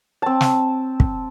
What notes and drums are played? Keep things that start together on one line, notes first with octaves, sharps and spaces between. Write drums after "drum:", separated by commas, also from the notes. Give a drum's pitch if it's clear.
C4 A5
drum: snare
drum: kick